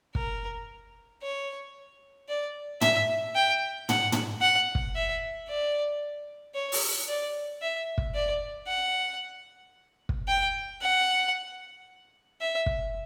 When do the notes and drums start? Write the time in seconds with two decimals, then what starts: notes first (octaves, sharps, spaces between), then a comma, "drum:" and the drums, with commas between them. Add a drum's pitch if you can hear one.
0.15 A#4, drum: kick
1.22 C#5
2.28 D5
2.81 E5, drum: tom
3.35 G5
3.89 F#5, drum: tom
4.12 drum: tom
4.41 F#5
4.75 drum: kick
4.95 E5
5.48 D5
6.54 C#5
6.72 drum: open hi-hat
7.08 D5
7.62 E5
7.98 drum: kick
8.14 D5
8.68 F#5
10.09 drum: kick
10.28 G5
10.81 F#5
12.41 E5
12.66 drum: kick